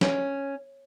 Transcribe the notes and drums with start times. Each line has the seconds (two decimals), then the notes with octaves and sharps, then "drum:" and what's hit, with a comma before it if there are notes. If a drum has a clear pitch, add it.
0.01 C#4, drum: snare